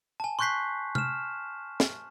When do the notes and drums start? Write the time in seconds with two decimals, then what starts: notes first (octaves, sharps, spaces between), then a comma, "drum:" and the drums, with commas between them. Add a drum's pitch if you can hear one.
0.20 G#5 A5
0.39 C6 C#6 F#6 G6 B6 C7
0.95 F6 E7, drum: tom C3
1.80 drum: snare